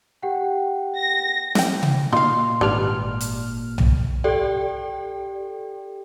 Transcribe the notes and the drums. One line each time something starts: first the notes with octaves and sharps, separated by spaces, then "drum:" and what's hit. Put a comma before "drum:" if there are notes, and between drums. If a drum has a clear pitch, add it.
G4 F#5 G5
A#6
E3 G5, drum: snare
drum: tom C3
A#2 D#4 F4 F5 C6
G#1 G#2 G3 D4 B4 F6
drum: hi-hat
drum: tom B1
G4 A4 D5 G5